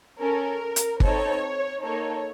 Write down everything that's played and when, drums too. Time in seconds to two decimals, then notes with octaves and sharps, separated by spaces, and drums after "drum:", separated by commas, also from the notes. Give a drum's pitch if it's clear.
0.18 C#4 A4 A#4
0.76 drum: hi-hat
1.00 C4 D#4 A4 C#5, drum: kick G1
1.83 A#3 D#4 A4 C#5